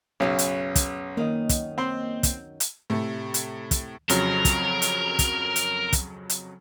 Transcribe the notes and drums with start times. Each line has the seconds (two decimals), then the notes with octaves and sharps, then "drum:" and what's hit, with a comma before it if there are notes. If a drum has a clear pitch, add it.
0.20 B1 F#2 C#3 F#3 B3 C#4
0.39 drum: hi-hat
0.75 drum: kick, hi-hat
1.17 D#3 A#3 D#5
1.49 drum: kick, hi-hat
1.78 C4 C6
2.23 drum: kick, hi-hat
2.60 drum: hi-hat
2.90 A2 C3 A3
3.34 drum: hi-hat
3.71 drum: kick, hi-hat
4.09 F2 C#3 F#3 A#4, drum: hi-hat
4.45 drum: kick, hi-hat
4.82 drum: hi-hat
5.19 drum: kick, hi-hat
5.56 drum: hi-hat
5.93 drum: kick, hi-hat
6.30 drum: hi-hat